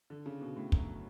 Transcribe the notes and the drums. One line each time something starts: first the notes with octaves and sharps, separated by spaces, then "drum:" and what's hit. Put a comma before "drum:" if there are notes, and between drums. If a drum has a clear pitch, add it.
D3
C#3
B2
A2
F#2, drum: kick